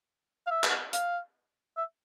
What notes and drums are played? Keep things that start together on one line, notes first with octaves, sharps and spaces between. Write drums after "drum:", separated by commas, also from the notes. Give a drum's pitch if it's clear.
F5
E5
drum: clap
F5, drum: hi-hat
E5